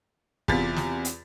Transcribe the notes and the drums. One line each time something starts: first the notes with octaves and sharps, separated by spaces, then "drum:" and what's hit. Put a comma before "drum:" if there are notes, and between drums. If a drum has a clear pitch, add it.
E2 C3 F4 A6 B6, drum: kick
drum: snare
drum: hi-hat